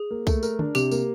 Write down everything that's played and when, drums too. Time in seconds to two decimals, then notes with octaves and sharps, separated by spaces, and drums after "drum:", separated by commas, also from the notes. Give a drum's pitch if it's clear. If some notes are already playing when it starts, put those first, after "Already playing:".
Already playing: G#4
0.11 A#3
0.27 A3, drum: kick C2, tambourine
0.43 A#4, drum: tambourine
0.59 D4, drum: tom D3
0.75 C3 G4, drum: tambourine
0.92 A#3, drum: tambourine